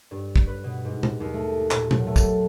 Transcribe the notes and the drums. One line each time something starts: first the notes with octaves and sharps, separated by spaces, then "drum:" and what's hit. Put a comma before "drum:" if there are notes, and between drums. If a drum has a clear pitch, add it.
G2
drum: kick
B4
B2
G#2
drum: tom B2
D#2
A3
A#2, drum: clap
F#3, drum: tom B2
A3
drum: kick, tambourine